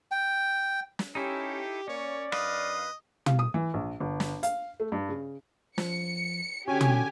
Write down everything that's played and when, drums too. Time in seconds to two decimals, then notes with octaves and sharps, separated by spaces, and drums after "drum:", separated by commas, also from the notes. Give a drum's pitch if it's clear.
0.11 G5
0.99 drum: snare
1.15 C#4 D#4 E4 G4 A4
1.88 A#3 C#4 C#5 D5
2.32 F#2 D4 B4 D#5 F5, drum: rim click
3.26 F5, drum: tom
3.39 D#6
3.54 E3
3.74 A#1
4.00 G1
4.20 drum: snare
4.43 F5, drum: hi-hat
4.80 A3
4.92 G2
5.09 C#3
5.78 F3 C#7, drum: snare
6.68 D3 C#4 F#4 G4 G#5
6.81 drum: tom